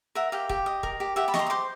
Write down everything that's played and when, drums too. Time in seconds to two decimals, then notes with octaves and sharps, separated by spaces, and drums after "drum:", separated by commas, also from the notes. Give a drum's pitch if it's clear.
0.15 A#4 E5 F#5
0.32 G4 F5 G5
0.49 G4, drum: kick
0.66 D#5
0.83 A#4, drum: kick
1.00 G4
1.16 G4 E5 F#5
1.28 A5 B5
1.34 D#5 C#6, drum: snare
1.39 A#5 C6
1.47 D#6
1.50 C5 C6 D6